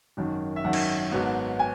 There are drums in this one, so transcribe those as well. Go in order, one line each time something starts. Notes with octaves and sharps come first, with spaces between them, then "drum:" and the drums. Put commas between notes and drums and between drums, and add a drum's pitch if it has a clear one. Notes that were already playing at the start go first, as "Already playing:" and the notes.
G#1 F#2 D#3
E5
G#1 F#2 D#3 F#5
drum: cymbal
G#1 G#2 F#3 B3
G#5